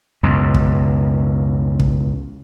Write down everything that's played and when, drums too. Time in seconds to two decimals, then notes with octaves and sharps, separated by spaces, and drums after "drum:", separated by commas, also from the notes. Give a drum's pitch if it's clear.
0.23 C#2 F#2 B2
0.54 drum: kick
1.80 drum: kick